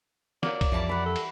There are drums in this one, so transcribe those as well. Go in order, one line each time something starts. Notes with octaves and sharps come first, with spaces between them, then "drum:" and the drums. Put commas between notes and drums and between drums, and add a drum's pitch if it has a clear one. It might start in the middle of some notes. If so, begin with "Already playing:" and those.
F#3 A#3 D5, drum: snare
drum: kick B1, cymbal
F2 E3 G3 A5
F#5 B5
A4
drum: cymbal